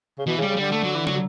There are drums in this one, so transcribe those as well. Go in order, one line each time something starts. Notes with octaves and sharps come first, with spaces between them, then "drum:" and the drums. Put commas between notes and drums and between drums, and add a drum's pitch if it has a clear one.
C#3
B2 E3
C#3
G3
C#3
D3 G3
A3
F#3
E3
F#3, drum: tom